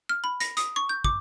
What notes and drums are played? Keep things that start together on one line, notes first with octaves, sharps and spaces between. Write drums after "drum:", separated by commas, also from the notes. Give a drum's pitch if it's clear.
F6
B5
A#6, drum: hi-hat
D#6, drum: hi-hat
C#6
G6
D6, drum: kick